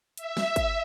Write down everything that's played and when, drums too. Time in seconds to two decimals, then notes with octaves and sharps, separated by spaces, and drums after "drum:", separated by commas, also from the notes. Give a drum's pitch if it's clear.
0.17 E5, drum: hi-hat
0.37 drum: snare
0.56 drum: kick, hi-hat